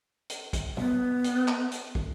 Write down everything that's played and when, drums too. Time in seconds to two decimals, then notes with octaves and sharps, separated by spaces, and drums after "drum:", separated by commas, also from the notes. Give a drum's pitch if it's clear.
0.30 drum: hi-hat
0.53 drum: kick, hi-hat
0.77 B3, drum: tom
1.24 drum: hi-hat
1.48 drum: clap
1.71 drum: hi-hat
1.95 drum: kick